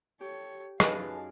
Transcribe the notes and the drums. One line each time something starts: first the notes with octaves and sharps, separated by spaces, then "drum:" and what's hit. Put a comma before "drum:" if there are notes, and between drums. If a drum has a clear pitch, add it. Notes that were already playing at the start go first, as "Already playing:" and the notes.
G4 A4 C#5
F#2 D#4 G#4 B4 D#5 F5 G#5 A5, drum: rim click